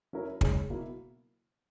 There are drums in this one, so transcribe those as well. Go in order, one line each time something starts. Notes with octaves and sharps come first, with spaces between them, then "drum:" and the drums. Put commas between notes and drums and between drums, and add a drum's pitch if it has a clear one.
F#3 C#4 E4 A#4 C#5
C#3 G#3 D#4 G#4 C#5, drum: kick
B2 F#3 A#3 E4